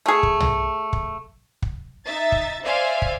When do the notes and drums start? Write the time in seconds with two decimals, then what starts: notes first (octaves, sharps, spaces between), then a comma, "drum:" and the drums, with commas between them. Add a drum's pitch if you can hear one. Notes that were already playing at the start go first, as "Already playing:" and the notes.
0.06 A3 G#4
0.23 drum: kick
0.40 drum: tom
0.93 drum: kick
1.62 drum: kick
2.07 D#4 E5 A6
2.32 drum: kick
2.63 C5 D5 E5 F5 G#5
3.02 drum: kick